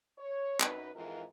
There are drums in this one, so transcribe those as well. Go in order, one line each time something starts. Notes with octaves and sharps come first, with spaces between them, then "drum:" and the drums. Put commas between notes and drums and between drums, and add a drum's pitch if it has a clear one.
C#5
F#2 D#4 B4, drum: clap
F2 G#2 E3 G#3 F4 A#4